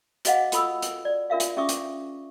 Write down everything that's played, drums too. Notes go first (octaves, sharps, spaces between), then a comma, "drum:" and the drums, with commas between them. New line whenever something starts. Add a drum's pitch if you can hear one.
F#4 G#4 D#5 F5 F#5, drum: hi-hat
F4 A4 B5 D#6 E6, drum: hi-hat
drum: hi-hat
D5
D4 F4 A#4 E5 F5
drum: hi-hat
C#4 G#4 E5 C#6 D#6
drum: hi-hat